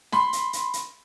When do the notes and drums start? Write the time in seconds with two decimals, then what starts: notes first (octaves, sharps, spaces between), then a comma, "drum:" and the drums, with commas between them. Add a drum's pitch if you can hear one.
0.12 B5 C6, drum: snare
0.33 drum: hi-hat
0.53 drum: hi-hat
0.73 drum: hi-hat